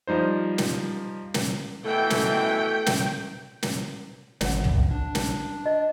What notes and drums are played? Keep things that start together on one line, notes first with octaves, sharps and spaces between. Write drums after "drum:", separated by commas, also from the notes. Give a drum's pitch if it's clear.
F3 G3 D#4 C5
drum: snare
drum: snare
B2 E3 A3 G5
drum: snare
drum: snare
drum: snare
G#1 C#5 F#5, drum: snare
drum: tom
D4
drum: snare
D#5